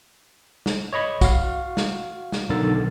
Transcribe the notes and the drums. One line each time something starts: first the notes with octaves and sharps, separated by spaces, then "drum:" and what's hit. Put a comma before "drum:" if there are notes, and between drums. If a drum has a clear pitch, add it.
drum: snare
C#5 D#5 B5 C#6
F#4 F5, drum: kick, tambourine
drum: snare
drum: snare
B1 D3 D#3 A#4 E6 A6